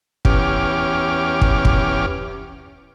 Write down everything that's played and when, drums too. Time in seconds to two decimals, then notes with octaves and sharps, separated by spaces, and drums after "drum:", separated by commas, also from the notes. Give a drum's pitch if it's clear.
0.25 E2 C#4 G4 D6 F6, drum: kick
1.41 drum: kick
1.65 drum: kick